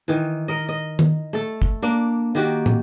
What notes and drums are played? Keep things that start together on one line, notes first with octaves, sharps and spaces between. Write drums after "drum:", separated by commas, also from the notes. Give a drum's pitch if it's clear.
D#3 E3
A#4 D#5
D#5
drum: tom D#3
A3 A4
drum: kick
A#3 D4
D#3 A#3 F#4 G4
drum: tom